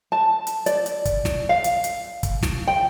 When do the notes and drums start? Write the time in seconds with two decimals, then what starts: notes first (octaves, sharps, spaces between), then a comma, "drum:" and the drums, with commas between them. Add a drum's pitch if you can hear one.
0.12 A5
0.47 drum: hi-hat
0.66 D5, drum: hi-hat
0.86 drum: hi-hat
1.05 drum: kick, hi-hat
1.25 drum: snare
1.49 F5
1.64 drum: hi-hat
1.84 drum: hi-hat
2.23 drum: kick, hi-hat
2.43 drum: snare
2.67 G5